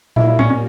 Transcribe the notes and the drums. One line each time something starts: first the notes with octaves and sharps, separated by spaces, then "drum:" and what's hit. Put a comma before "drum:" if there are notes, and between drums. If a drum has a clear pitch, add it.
A#2 G3 A#3 E4, drum: tom
E4
C#4, drum: tom A2
C#4